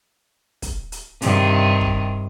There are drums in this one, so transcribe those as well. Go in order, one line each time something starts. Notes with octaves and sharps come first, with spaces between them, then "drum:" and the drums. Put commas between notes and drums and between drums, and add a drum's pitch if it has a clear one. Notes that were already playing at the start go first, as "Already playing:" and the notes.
drum: kick, hi-hat
drum: hi-hat
G2 C3 D#3, drum: hi-hat
drum: kick